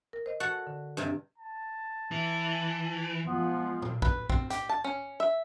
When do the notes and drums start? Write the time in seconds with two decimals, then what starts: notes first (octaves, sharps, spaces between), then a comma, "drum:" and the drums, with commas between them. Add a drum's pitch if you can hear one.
0.13 A#4
0.26 C5 D#5
0.40 F#4 A4 F#5
0.67 D3
0.97 G2 C3
1.38 A5
2.11 E3
3.27 F3 G#3 B3 C6
3.82 drum: tom
4.02 B4, drum: kick A#1
4.30 C4, drum: kick A#1
4.50 G4, drum: hi-hat
4.69 A5
4.84 C#4
5.20 E5